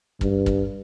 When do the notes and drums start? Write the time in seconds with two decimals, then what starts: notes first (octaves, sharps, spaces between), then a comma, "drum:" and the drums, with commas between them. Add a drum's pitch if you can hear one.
0.21 G2, drum: kick
0.46 drum: kick